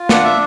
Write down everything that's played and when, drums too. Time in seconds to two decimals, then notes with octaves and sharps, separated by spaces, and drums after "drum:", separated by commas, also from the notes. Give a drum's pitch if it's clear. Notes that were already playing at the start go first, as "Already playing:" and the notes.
Already playing: F4
0.09 D4 F#5, drum: snare
0.24 E5